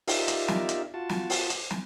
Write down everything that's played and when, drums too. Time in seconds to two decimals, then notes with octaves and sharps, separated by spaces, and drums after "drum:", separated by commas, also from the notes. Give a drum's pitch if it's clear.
0.08 D#4 F4 G4 A#4 D5 E5, drum: open hi-hat
0.28 drum: hi-hat
0.48 drum: snare
0.69 drum: hi-hat
0.94 F4 F#4 A5
1.09 drum: snare
1.30 drum: open hi-hat
1.50 drum: hi-hat
1.71 drum: snare